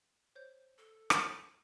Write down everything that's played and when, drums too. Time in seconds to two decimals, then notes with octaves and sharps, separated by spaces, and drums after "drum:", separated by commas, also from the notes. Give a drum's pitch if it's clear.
0.35 C5 C#5 G6
0.78 A4
1.10 drum: rim click